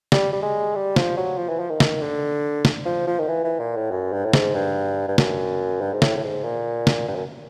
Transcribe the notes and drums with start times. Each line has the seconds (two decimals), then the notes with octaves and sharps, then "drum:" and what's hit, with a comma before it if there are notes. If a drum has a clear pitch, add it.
0.12 G3, drum: snare
0.33 G3
0.43 G#3
0.75 G3
0.96 F3, drum: snare
1.17 F#3
1.38 F3
1.49 E3
1.59 F3
1.70 D#3
1.80 drum: snare
2.02 D3
2.65 drum: snare
2.86 F3
3.07 F3
3.19 D#3
3.28 E3
3.44 E3
3.59 A#2
3.76 A2
3.91 F#2
4.13 G2
4.25 A2
4.33 G#2, drum: snare
4.55 G2
5.08 G2
5.18 F#2, drum: snare
5.81 G2
5.93 G#2
6.02 A2, drum: snare
6.17 A2
6.24 G#2
6.44 A#2
6.87 drum: snare
7.08 G2
7.15 F#2